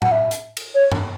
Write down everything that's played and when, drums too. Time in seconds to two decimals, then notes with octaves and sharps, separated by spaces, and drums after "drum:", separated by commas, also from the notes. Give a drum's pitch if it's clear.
0.02 F#5, drum: tom
0.11 E5
0.31 drum: hi-hat
0.57 drum: cymbal
0.75 C#5
0.92 drum: tom G2